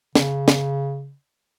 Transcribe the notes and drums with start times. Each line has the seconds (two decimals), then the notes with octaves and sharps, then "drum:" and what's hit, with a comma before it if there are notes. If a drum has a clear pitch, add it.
0.15 C#3, drum: snare
0.48 drum: snare